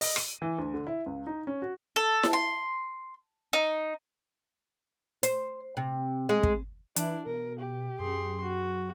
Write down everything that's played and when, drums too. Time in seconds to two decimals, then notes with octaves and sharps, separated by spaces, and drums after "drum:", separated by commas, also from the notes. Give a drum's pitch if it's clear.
0.01 D#5, drum: open hi-hat
0.16 D#7, drum: rim click
0.42 E3
0.58 D2
0.74 D3
0.87 E4
1.06 C#2
1.27 D#4
1.47 C#4
1.62 F#4
1.96 A4
2.23 drum: snare E4
2.33 C6
3.53 D#4
5.23 C5, drum: hi-hat
5.77 C3
6.29 G#3
6.43 drum: kick
6.96 E3 D4 E4, drum: hi-hat
7.26 B2 A#4
7.59 G4
7.99 F#2 G#4 C6
8.43 F#4